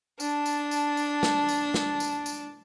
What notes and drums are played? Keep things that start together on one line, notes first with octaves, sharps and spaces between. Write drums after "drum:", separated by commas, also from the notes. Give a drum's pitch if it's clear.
D4 A5, drum: tambourine
drum: tambourine
drum: tambourine
drum: tambourine
drum: snare
drum: tambourine
drum: snare
drum: tambourine
drum: tambourine